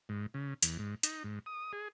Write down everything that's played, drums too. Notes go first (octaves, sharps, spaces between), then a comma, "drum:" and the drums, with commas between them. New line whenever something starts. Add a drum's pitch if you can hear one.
G#2
C#3
E2, drum: hi-hat
G#2
D#4, drum: hi-hat
G#2
D#6
G#4